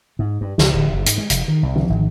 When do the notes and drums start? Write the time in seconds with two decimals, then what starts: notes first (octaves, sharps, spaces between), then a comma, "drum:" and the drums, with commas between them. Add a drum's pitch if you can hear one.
0.19 G#2
0.41 G2
0.58 C#2, drum: snare
0.74 D1
0.92 F#1
1.06 G#2, drum: hi-hat
1.18 G#3
1.30 F1, drum: hi-hat
1.48 D#3
1.63 C2
1.76 drum: tom
1.89 G#1